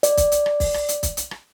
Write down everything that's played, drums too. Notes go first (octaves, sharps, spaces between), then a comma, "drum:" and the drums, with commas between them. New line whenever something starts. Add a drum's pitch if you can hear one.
D5, drum: hi-hat
drum: kick, hi-hat
drum: hi-hat
drum: rim click
drum: kick, open hi-hat
drum: rim click
drum: hi-hat
drum: kick, hi-hat
drum: hi-hat
drum: rim click